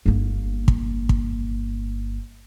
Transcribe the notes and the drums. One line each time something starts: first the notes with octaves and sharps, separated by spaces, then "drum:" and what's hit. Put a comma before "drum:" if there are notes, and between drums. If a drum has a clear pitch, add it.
G1 A#3
drum: kick
drum: kick